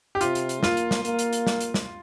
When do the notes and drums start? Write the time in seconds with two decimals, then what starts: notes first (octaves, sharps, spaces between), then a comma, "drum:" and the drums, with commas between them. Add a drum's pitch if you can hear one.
0.15 G4
0.21 C3 F4, drum: hi-hat
0.35 drum: hi-hat
0.49 drum: hi-hat
0.63 A#3 F4, drum: snare
0.77 drum: hi-hat
0.91 drum: snare
1.05 A#3, drum: hi-hat
1.19 drum: hi-hat
1.33 drum: hi-hat
1.47 drum: snare
1.60 drum: hi-hat
1.74 drum: snare